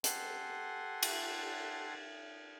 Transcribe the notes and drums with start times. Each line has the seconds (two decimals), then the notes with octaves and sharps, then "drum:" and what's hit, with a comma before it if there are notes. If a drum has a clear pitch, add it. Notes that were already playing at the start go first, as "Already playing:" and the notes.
0.04 G4 A4 F#5 G#5 C6, drum: hi-hat
1.03 drum: cymbal